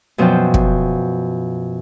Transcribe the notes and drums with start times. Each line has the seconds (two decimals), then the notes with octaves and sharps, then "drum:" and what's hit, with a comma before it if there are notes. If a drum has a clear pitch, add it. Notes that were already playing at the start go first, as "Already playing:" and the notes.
0.18 F#2 B2 F3 F4 F#5 G5
0.54 drum: kick